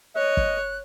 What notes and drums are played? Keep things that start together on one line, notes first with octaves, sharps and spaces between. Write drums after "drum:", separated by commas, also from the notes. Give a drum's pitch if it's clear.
C#5 D#5 F#6
drum: kick